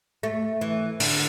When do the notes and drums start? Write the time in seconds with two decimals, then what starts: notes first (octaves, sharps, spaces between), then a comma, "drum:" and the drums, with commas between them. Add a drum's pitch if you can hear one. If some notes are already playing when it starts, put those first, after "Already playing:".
0.23 A3
0.61 E3
1.00 D3, drum: open hi-hat